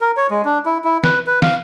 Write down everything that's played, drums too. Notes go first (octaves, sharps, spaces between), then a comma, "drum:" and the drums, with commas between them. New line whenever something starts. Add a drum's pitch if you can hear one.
A#4
C#5
G#3
D4
E4
E4
B4, drum: snare
B4
F5, drum: snare